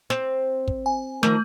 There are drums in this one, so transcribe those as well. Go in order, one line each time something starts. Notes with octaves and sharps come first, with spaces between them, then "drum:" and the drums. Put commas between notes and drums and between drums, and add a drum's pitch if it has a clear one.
C4, drum: snare
drum: kick
G#5
D#3 F3 A3 A#4, drum: snare